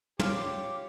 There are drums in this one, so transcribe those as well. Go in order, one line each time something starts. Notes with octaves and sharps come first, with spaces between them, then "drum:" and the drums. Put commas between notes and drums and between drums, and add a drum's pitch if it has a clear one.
F4 G4 C#5 D5 F5 D6, drum: tom